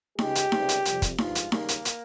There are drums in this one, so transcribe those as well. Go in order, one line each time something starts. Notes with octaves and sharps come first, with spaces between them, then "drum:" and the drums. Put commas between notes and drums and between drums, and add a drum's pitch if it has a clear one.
C#2 C#3 G#3 G4, drum: snare D#4
drum: hi-hat
C#2 C3 G3, drum: snare D#4
drum: hi-hat
F2 C3 G3, drum: hi-hat
drum: kick, hi-hat
G2 F3 G#3 F4, drum: snare D#4
drum: hi-hat
D#2 C#3 G3 A#3, drum: snare D#4
drum: hi-hat
drum: hi-hat